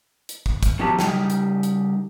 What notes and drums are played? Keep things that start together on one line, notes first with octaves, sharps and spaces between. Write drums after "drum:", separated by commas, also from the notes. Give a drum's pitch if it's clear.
drum: hi-hat
drum: kick
drum: kick, hi-hat
B2 D#3 F3 F#4 G4 A5
C#3 G3 D#4 G4 G5, drum: snare
drum: hi-hat
drum: hi-hat